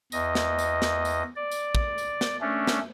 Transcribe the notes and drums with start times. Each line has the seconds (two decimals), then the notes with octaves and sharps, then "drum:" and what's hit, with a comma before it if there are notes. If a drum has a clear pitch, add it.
0.12 E2 D#5, drum: tambourine
0.35 drum: snare
0.59 drum: tambourine
0.82 drum: snare
1.05 drum: tambourine
1.36 D5
1.51 drum: tambourine
1.75 drum: kick
1.98 drum: tambourine
2.21 drum: snare
2.41 A3 C#4 D4
2.67 drum: snare